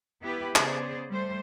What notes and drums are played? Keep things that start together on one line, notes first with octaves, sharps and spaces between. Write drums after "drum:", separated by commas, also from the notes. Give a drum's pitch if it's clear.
B3 E4 G4 B4
C#3 B3 G#4 C5 D5, drum: clap
G3 A3 C5